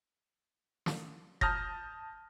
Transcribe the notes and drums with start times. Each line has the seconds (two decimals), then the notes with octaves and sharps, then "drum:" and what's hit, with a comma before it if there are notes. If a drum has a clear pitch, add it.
0.86 drum: snare
1.41 A5 D#6 F6 G6 A#6, drum: kick F1